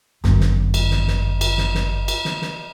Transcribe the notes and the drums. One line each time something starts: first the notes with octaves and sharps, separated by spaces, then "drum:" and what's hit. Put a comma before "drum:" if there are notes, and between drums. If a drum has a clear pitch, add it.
G1 F#2, drum: snare
drum: snare
drum: cymbal
drum: snare
drum: snare
drum: cymbal
drum: snare
drum: snare
drum: cymbal
drum: snare
drum: snare